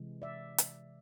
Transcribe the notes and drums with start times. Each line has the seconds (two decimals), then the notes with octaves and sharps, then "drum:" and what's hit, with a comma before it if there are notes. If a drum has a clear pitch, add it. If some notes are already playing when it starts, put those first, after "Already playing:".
Already playing: C3 E3 G#3
0.22 D5 E5
0.58 drum: hi-hat